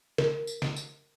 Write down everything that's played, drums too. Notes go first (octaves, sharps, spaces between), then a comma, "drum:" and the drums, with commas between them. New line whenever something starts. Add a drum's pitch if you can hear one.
A#4, drum: snare
drum: tambourine
drum: snare
drum: tambourine